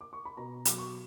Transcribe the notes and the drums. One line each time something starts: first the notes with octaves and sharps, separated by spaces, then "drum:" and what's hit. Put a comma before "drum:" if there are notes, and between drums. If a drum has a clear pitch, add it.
D6
C#6
B5
B2 A#5
F#3 D6, drum: hi-hat
C#6